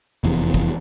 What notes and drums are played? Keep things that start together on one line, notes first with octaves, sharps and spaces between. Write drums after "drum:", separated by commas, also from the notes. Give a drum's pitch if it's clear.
F1 E2
drum: kick